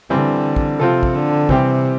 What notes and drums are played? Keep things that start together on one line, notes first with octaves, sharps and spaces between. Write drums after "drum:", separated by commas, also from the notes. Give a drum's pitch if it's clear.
D3 E3 G3 C4
drum: kick
C3 F3 C4 F4 A4
drum: kick
D3
C3 E3 G3 C4 G4, drum: kick